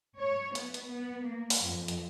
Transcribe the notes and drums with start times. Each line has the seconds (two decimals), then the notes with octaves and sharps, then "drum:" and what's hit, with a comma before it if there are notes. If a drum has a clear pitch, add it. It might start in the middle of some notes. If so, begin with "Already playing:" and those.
0.19 C#5
0.55 B3, drum: hi-hat
0.74 drum: hi-hat
0.90 B3
1.25 A#3
1.50 drum: open hi-hat
1.60 F2
1.88 drum: hi-hat